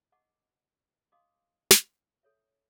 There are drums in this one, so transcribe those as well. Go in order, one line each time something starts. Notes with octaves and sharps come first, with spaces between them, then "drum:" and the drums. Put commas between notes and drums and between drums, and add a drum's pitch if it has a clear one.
D#5 F#5 A5 C#6 D6
D#5 F5 A5 C6 D6 D#6
drum: snare
A4 C#5 E5